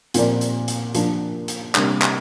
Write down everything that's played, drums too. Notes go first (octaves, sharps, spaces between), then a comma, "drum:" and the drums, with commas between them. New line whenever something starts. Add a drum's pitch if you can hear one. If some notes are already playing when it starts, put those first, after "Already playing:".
A#2 F3 C4 A#4 D5, drum: hi-hat
drum: hi-hat
drum: hi-hat
F3 A#3 D4, drum: hi-hat
drum: hi-hat
C3 G3 A#3 D4, drum: clap
drum: clap